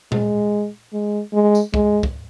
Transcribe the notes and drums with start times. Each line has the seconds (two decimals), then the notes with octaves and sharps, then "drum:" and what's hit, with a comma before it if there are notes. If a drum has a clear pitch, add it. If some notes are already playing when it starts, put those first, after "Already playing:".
0.12 G#3, drum: tom A#2
0.93 G#3
1.33 G#3
1.55 drum: tambourine
1.74 G#3, drum: kick
2.03 drum: kick